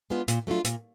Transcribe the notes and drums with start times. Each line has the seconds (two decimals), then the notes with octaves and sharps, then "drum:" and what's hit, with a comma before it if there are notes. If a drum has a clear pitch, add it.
0.10 G#3 B3 D4 F4
0.28 A#2, drum: hi-hat
0.47 F#3 A3 D4 F4
0.65 A#2, drum: hi-hat